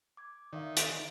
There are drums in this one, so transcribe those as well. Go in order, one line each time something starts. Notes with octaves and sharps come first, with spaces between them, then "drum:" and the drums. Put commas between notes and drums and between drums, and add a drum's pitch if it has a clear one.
D6 G#6
D#3 D5 E5 F5
drum: hi-hat